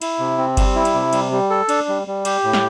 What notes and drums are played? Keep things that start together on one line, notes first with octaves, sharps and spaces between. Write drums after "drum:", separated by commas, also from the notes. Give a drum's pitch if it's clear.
E4, drum: cymbal
C3
C4
G3, drum: kick G1, cymbal
E4
drum: cymbal
C3
G3, drum: cymbal
G3
A4
D4, drum: cymbal
G3
G3
G4, drum: cymbal
A2
drum: snare